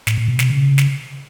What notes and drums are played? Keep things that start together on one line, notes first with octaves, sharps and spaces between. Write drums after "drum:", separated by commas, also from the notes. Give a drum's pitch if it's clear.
A2, drum: snare
A#2
B2
C3, drum: snare
C#3
drum: snare